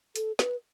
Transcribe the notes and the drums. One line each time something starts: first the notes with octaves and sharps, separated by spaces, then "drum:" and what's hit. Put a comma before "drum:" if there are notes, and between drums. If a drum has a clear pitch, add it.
A4, drum: hi-hat
B4, drum: snare